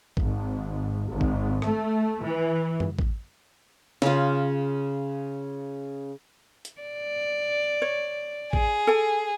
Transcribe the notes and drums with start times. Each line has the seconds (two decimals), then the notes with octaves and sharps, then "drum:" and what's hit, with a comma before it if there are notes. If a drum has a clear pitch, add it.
0.17 G#1, drum: kick
1.08 G#1
1.21 drum: kick
1.62 A3, drum: rim click
2.22 E3
2.80 drum: tom
2.99 drum: kick
4.02 C#3 F4, drum: snare
6.65 drum: hi-hat
6.82 D5
7.82 C#5
8.53 G#4, drum: kick
8.87 A4 G#5